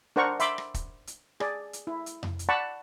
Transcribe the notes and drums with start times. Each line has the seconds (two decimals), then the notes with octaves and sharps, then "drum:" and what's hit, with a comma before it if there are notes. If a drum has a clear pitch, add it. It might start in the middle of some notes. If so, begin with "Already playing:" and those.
0.16 D4 A#4 C5 F#5 A#5 C#6
0.40 E5 B5 C6 D6, drum: hi-hat
0.58 drum: rim click
0.74 drum: kick, hi-hat
1.07 drum: hi-hat
1.40 G#4 D5, drum: rim click
1.73 drum: hi-hat
1.87 E4
2.06 drum: hi-hat
2.23 drum: tom F2
2.39 drum: hi-hat
2.49 D5 F#5 A5 B5 C#6